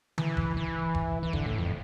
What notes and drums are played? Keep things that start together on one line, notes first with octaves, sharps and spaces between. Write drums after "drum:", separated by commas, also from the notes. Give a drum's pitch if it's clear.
E3, drum: tom D3
drum: kick F1
E3
drum: kick F1
E3
D3, drum: kick F1
A2
F2